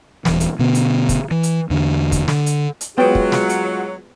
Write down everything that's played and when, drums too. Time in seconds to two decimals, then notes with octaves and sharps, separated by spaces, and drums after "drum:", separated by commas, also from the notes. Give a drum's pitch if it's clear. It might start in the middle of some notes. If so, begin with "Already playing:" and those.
0.25 D#1 E3, drum: snare
0.40 drum: hi-hat
0.59 B2 D3 B3
0.75 drum: hi-hat
1.09 drum: kick, hi-hat
1.31 E3
1.43 drum: hi-hat
1.70 E2 D3
2.12 drum: kick, hi-hat
2.28 D3, drum: snare
2.46 drum: hi-hat
2.81 drum: hi-hat
2.98 F#3 G#3 B3 F4 G5
3.15 drum: kick
3.32 drum: snare
3.49 drum: hi-hat